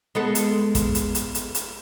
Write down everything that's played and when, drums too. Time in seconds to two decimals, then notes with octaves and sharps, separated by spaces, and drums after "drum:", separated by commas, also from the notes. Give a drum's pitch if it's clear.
0.15 G#3 B3 A4
0.35 drum: hi-hat
0.75 drum: kick, hi-hat
0.95 drum: hi-hat
1.15 drum: hi-hat
1.35 drum: hi-hat
1.55 drum: hi-hat